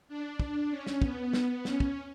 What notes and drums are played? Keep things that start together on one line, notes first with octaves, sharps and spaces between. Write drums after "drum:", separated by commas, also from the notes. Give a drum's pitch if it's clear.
D4
D4, drum: kick
C#4
drum: snare
B3, drum: kick
drum: snare
C#4, drum: snare
drum: kick